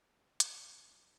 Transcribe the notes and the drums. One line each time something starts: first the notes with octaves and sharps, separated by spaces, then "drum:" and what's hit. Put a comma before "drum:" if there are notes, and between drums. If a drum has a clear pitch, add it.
G4 G#4 C#5 F5
drum: hi-hat